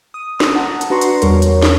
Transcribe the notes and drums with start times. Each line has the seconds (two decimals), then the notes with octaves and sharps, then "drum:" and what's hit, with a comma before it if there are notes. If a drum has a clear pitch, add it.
0.14 D#6
0.40 drum: snare
0.55 F#5 A5 A#5
0.81 drum: hi-hat
0.90 D4 F#4 B4 A#5 C6 C#6
1.01 drum: hi-hat
1.22 E2 G3 A#4 C#5, drum: hi-hat
1.42 drum: hi-hat
1.62 drum: snare